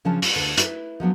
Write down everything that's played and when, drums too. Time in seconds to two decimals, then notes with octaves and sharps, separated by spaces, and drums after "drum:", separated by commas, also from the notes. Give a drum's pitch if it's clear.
0.05 C#3 F3 C#4 D4 F4 A5
0.22 F4, drum: open hi-hat
0.36 D2 D3
0.58 E4 B4, drum: hi-hat
1.00 F3 F#3 B3 D4